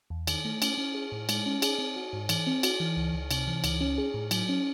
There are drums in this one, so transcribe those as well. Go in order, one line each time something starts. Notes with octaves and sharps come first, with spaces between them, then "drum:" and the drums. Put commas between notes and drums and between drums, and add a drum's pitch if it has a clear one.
E2
D#3, drum: cymbal
A3
C#4, drum: cymbal
C#4
G#4
A2
G#3, drum: cymbal
C#4
G#4, drum: cymbal
C4
F#4
G#2
E3, drum: cymbal
C4
F#4, drum: cymbal
E3
C#2
C#2
C3, drum: cymbal
E3
C#2, drum: cymbal
C#4
G#4
A2
F#3, drum: cymbal
C#4